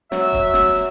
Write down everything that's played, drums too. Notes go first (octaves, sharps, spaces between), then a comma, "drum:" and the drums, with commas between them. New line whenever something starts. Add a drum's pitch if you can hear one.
F#3 E5, drum: snare
drum: kick E1, hi-hat
drum: snare
drum: hi-hat